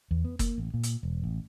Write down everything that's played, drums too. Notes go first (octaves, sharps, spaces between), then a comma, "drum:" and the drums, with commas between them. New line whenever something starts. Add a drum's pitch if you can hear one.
E2
B3
A#3, drum: kick, hi-hat
A1
A#2
drum: hi-hat
E1
A1